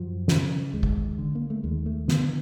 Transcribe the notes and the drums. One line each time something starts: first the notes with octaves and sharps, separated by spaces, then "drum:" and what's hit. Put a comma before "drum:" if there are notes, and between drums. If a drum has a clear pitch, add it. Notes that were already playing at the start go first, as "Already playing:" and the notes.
Already playing: F#2 F3
C#3, drum: snare
D#2 G#3
drum: kick
D3
A#3
A3
D#2 G#3
A3
D3 B3, drum: snare